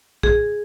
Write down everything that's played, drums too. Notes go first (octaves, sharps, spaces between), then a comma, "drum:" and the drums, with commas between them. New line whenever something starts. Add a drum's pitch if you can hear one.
G#4, drum: kick